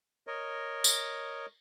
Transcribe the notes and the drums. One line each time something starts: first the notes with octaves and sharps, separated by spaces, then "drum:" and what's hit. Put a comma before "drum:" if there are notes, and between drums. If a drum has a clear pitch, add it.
A#4 C#5 D#5
drum: tambourine